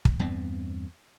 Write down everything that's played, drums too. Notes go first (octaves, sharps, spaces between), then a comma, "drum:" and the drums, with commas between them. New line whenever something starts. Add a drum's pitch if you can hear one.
drum: kick
E2 G2 B3 C4